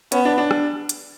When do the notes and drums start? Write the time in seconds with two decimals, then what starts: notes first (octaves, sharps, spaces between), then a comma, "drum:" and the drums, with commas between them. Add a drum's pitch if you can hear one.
0.12 B3 C#4, drum: hi-hat
0.25 D4
0.38 D4
0.51 drum: rim click
0.89 drum: hi-hat